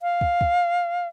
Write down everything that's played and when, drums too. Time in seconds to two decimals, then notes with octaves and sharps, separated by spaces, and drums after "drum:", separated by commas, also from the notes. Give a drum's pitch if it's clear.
0.02 F5
0.21 drum: kick
0.41 drum: kick